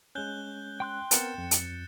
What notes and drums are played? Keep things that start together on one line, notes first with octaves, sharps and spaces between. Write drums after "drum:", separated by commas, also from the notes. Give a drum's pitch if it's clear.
G#3 C#4 F#6 G6 G7
G5 C6 F#6
B3 C4 A#4 A6 C#7 E7, drum: hi-hat
F2
drum: hi-hat